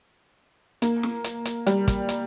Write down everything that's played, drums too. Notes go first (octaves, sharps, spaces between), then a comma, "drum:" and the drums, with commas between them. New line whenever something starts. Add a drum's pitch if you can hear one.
A#3, drum: hi-hat
drum: snare
drum: hi-hat
drum: hi-hat
G3, drum: hi-hat
drum: kick, hi-hat
drum: hi-hat